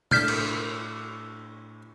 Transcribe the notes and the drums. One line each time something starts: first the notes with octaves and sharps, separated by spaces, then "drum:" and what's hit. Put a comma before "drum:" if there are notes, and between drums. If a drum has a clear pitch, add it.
A2 D4 A4 F6 G6 B6, drum: tom
drum: cymbal